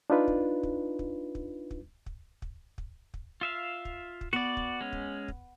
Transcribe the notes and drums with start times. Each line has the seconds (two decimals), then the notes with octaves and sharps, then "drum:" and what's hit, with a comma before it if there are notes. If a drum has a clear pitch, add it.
0.10 D4 D#4 F4 B4
0.28 drum: kick
0.63 drum: kick
0.99 drum: kick
1.35 drum: kick
1.71 drum: kick
2.06 drum: kick
2.42 drum: kick
2.78 drum: kick
3.14 drum: kick
3.41 F4 E5 F5
3.85 drum: kick
4.21 drum: kick
4.33 B3 F#4 D5
4.57 drum: kick
4.81 G#3 C#4
4.92 drum: kick
5.28 drum: kick